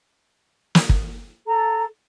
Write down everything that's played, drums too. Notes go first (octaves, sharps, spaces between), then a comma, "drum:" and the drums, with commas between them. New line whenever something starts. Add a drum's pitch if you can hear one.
drum: snare
drum: kick
A4 A#5